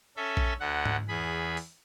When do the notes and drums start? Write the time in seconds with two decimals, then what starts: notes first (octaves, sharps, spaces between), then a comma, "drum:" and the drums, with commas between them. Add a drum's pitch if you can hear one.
0.17 C#4 A4 E5
0.37 drum: kick A#1
0.60 D2 D3 F#5
0.86 drum: tom G#2
1.08 E2 G#4 B5
1.57 drum: open hi-hat